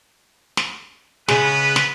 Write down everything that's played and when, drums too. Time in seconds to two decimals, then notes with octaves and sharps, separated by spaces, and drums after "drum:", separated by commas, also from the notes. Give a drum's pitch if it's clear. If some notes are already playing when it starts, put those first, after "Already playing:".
0.57 drum: snare
1.28 C#3 G#3 B3 B4, drum: snare
1.76 drum: snare